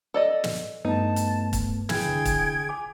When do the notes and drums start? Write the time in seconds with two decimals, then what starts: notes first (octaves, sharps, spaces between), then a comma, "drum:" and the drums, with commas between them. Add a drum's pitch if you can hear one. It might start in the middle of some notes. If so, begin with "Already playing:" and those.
0.14 A4 D5 D#5
0.44 drum: snare
0.85 G2 A3 B3 D#4 A5
1.16 drum: hi-hat
1.53 drum: kick, hi-hat
1.89 E3 G#4 G5 G#6, drum: snare
2.05 C2 D3
2.25 drum: kick, hi-hat
2.69 G#5 D6